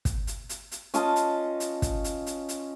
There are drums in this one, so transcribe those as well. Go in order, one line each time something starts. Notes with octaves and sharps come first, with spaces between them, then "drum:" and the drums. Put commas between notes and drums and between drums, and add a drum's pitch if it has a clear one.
drum: kick, hi-hat
drum: hi-hat
drum: hi-hat
drum: hi-hat
C#4 F4 D#5 A5, drum: hi-hat
drum: hi-hat
drum: hi-hat
drum: kick, hi-hat
drum: hi-hat
drum: hi-hat
drum: hi-hat